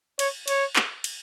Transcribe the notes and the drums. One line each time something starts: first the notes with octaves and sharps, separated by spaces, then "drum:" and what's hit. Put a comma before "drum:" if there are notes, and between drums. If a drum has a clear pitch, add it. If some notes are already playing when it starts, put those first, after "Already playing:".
C#5, drum: cymbal
C#5, drum: cymbal
drum: clap
drum: cymbal